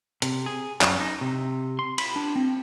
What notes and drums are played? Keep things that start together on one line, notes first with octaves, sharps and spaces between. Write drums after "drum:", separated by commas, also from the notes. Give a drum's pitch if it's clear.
C3, drum: hi-hat
G#4
F#2, drum: clap
D#4
C3
C6
B5, drum: cymbal
D4
C4